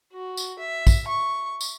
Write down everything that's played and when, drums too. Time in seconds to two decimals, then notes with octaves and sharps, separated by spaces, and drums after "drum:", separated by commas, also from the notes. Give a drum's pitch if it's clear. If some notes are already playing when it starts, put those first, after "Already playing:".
0.13 F#4
0.37 drum: tambourine
0.59 E5
0.87 drum: kick, tambourine
1.08 C#6
1.61 drum: tambourine